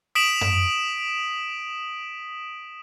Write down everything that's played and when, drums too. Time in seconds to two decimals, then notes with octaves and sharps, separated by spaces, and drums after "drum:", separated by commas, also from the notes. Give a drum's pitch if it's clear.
0.15 D#6 B6 D7 E7 F#7
0.41 drum: tom F#2